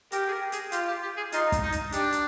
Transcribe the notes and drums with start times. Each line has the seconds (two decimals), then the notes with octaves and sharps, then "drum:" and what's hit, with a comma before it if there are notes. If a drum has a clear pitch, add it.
0.12 G4 A#4, drum: hi-hat
0.27 G#4
0.32 A#4
0.52 G#4, drum: hi-hat
0.72 F4 G4, drum: hi-hat
0.87 G4
1.02 G4
1.17 G#4
1.32 D#4 F4, drum: hi-hat
1.52 drum: kick, hi-hat
1.62 D#4
1.72 drum: hi-hat
1.92 D4 G4, drum: hi-hat
2.12 drum: hi-hat